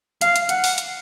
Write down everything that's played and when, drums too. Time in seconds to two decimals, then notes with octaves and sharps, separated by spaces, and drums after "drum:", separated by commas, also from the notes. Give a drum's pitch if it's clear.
0.21 F5, drum: hi-hat
0.36 drum: hi-hat
0.49 F#5, drum: hi-hat
0.64 drum: open hi-hat
0.78 drum: hi-hat